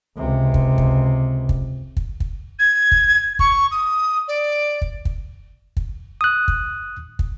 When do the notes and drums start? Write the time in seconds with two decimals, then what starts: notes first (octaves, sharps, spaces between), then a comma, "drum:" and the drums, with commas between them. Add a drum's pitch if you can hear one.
0.17 C#2 C3
0.54 drum: kick
0.78 drum: kick
1.49 drum: kick
1.97 drum: kick
2.20 drum: kick
2.59 G#6
2.92 drum: kick
3.39 C#6, drum: kick
3.70 D#6
4.27 D5
4.82 drum: kick
5.05 drum: kick
5.77 drum: kick
6.21 D#6 F#6
6.48 drum: kick
7.19 drum: kick